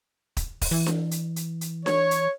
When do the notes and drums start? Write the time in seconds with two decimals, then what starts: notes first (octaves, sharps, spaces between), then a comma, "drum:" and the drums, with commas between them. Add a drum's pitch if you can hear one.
0.37 drum: kick, hi-hat
0.62 drum: kick, open hi-hat
0.71 E3
0.86 drum: snare D4
1.11 drum: hi-hat
1.36 drum: hi-hat
1.61 drum: hi-hat
1.86 C#5, drum: snare D4
2.11 drum: hi-hat